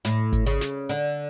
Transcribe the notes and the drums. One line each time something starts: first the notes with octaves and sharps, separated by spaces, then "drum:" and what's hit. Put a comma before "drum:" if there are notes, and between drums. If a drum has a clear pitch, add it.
A2, drum: snare
drum: kick G#1, hi-hat
C#3
drum: snare
D3, drum: hi-hat